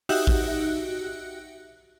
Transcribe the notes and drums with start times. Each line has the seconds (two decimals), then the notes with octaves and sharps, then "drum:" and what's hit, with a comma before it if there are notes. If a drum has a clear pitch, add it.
0.09 D#4 F#4 G4 E5 F#6, drum: open hi-hat
0.27 drum: kick A1